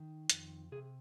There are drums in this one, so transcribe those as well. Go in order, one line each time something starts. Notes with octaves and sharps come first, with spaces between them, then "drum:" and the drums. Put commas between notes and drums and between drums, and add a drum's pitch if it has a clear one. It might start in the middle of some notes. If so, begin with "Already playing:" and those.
Already playing: D#3
F2, drum: hi-hat
C3 G#4